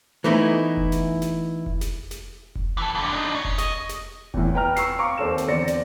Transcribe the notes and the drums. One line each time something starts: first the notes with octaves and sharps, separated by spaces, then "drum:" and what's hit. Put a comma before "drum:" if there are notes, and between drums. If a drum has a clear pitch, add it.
E3 A3 B3 D#4 E4
drum: kick F1
drum: snare
drum: snare
drum: kick F1
drum: snare
drum: snare
drum: kick F1
E3 A4
F2 D3
D4 D#4
C#4
drum: kick F1
D#5, drum: snare
drum: snare
E2 A2, drum: kick F1
B4 G5 G#5 A#5 F6
C#6 E6 C7, drum: snare
F5 A#5 C#6 D6
D#2 C4 A4 E7
drum: snare
E2 D3 C4 D5 A#6 C#7
drum: snare